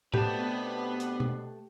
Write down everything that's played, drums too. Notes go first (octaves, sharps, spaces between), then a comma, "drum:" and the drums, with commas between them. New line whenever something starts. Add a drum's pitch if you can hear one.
B2 A3 B3 C4 D4 G4 B4 A5, drum: tom A2
drum: hi-hat
drum: tom